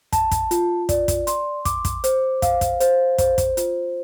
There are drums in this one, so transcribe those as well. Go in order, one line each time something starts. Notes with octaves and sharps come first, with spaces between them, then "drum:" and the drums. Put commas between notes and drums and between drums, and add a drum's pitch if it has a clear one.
A5, drum: kick, hi-hat
drum: kick, hi-hat
F4, drum: hi-hat
D5, drum: kick, hi-hat
drum: kick, hi-hat
C6, drum: hi-hat
D6, drum: kick, hi-hat
drum: kick, hi-hat
C5, drum: hi-hat
F5, drum: kick, hi-hat
drum: kick, hi-hat
C5, drum: hi-hat
C5, drum: kick, hi-hat
drum: kick, hi-hat
F4, drum: hi-hat